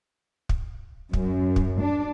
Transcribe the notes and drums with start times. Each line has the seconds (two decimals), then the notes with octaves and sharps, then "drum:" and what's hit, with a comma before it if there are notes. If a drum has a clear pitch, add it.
0.49 drum: kick
1.13 F#2, drum: kick
1.56 drum: kick
1.80 D4